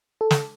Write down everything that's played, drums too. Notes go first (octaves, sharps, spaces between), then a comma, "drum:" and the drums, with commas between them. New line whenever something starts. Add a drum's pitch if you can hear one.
A4
drum: snare